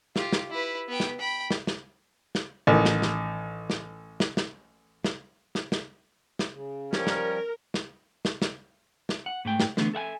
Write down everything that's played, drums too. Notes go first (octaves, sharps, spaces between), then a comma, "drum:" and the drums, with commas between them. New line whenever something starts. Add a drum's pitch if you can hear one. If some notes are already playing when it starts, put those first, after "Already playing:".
F4 G4, drum: snare
drum: snare
E4 B4
B3 G5
drum: snare
G5 B5
drum: snare
drum: snare
drum: snare
A1 D#3
drum: snare
drum: snare
drum: snare
drum: snare
drum: snare
drum: snare
drum: snare
drum: snare
drum: snare
C#3
F3 G3 C#4 A#4, drum: snare
drum: snare
drum: snare
drum: snare
drum: snare
drum: snare
F#5
G#2 A3 G5
drum: snare
D3 E3 A3 B3, drum: snare
A4 E5 F#5 G#5